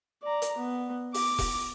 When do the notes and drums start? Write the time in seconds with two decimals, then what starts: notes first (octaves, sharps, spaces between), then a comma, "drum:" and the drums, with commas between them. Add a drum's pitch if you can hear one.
0.23 D5 A#5
0.42 drum: hi-hat
0.57 B3
1.14 D6, drum: open hi-hat
1.39 drum: kick E1, open hi-hat